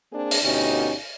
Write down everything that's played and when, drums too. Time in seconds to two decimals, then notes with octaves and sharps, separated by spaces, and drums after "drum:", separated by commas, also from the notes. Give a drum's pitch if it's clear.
0.12 A#3 C4 D4 G#4
0.31 drum: open hi-hat
0.44 D2 B2 C#4 D#4 G4